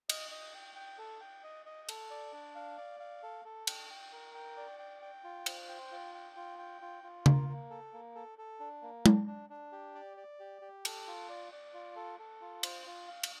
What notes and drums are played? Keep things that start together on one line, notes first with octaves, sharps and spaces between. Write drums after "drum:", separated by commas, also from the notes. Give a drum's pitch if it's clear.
D#5, drum: cymbal
D#5
G5
G5
A4
G5
D#5
D#5
A4, drum: cymbal
D5
D4
F5
D5
F5
A4
A4
G5, drum: cymbal
G5
A#4
G5
D5
G5
G5
F4
C5, drum: cymbal
G5
F4
G5
F4
G5
F4
F4
A#3, drum: tom C#3
A#3
A4
A#3
A4
A4
D4
A#3
D4, drum: tom G#3
D4
D4
G4
D5
D5
G4
G4
A4, drum: cymbal
F4
D5
D5
F4
A4
A4
F4
C5, drum: cymbal
F4
F5
drum: cymbal